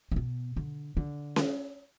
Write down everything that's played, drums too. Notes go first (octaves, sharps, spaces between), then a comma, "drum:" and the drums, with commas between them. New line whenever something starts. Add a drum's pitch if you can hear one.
C#3
B2
D3
D3
drum: snare C#4